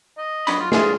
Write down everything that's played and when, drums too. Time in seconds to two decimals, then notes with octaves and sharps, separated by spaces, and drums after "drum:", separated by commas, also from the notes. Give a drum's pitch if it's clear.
0.18 D#5
0.47 F#3 D4 B5, drum: hi-hat
0.59 F#2 F4
0.72 G#3 D4 F4 G#4, drum: snare